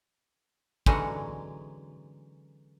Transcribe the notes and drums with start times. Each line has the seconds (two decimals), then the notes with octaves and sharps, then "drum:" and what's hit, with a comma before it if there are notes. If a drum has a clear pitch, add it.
0.86 D3 E3 F#3 G#3 C#4 D#4, drum: kick